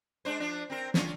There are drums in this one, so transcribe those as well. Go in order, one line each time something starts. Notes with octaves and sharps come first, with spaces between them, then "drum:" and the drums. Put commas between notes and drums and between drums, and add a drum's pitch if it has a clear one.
G#3 D4 C5
F3 D4
C4 A#4
C#4 D4 F4, drum: snare